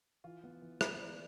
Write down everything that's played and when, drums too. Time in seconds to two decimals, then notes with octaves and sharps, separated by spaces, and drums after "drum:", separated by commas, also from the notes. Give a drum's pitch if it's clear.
0.24 E3 F4
0.44 B3
0.62 E3
0.81 B3, drum: rim click
1.00 E3 B4 D5